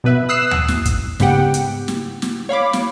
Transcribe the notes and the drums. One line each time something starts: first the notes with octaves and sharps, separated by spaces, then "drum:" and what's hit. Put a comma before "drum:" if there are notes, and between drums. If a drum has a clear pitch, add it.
B2 B3 B4 E5
D#6 E6 F#6 C7 E7
drum: tom D2
drum: snare
drum: kick, hi-hat
G#2 C#3 B3 G4 F#5 G5, drum: snare
drum: hi-hat
drum: snare
drum: snare
C#5 F5 B5 D6
drum: snare